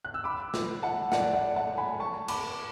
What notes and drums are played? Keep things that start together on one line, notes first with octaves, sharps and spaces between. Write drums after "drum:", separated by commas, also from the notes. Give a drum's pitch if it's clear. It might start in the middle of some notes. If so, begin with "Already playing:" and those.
F#6
E6
B5 D6
drum: snare
F#5 A5
D5 F#5, drum: snare
D5 F#5
F#5 A5
G#5 B5
A5 C#6
B5 D6, drum: cymbal